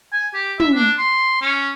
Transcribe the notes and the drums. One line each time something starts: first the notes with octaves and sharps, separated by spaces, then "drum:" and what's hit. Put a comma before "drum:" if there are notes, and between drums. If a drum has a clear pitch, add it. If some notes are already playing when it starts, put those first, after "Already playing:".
G#5
G4
E5, drum: tom
D4
C6
C#4